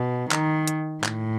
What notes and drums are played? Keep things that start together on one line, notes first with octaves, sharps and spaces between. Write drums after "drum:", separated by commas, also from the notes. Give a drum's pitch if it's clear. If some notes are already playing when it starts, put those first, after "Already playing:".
Already playing: B2
D#3, drum: clap
drum: hi-hat
A2, drum: clap